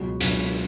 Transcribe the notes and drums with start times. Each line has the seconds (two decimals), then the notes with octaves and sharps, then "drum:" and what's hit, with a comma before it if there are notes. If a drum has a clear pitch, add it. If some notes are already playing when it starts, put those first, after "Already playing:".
Already playing: C#2 B2 F#3 F#4
0.21 C#2 B2 F#3, drum: hi-hat